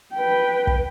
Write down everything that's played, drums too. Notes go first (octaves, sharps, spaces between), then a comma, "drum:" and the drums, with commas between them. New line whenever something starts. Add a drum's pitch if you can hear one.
B4 G5
drum: kick